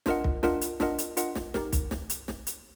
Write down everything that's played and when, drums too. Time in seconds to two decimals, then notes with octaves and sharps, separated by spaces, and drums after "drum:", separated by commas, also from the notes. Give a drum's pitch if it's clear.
0.06 D4 F4 A#4 D#5 F#5, drum: snare
0.24 drum: kick
0.43 D4 F4 A#4 D#5 F#5, drum: snare
0.61 drum: hi-hat
0.80 D4 F4 A#4 D#5 F#5, drum: snare
0.98 drum: hi-hat
1.17 D4 F4 A#4 D#5 F#5, drum: hi-hat
1.35 drum: snare
1.54 D#4 G4 A#4, drum: snare
1.72 drum: kick, hi-hat
1.91 drum: snare
2.10 drum: hi-hat
2.28 drum: snare
2.47 drum: hi-hat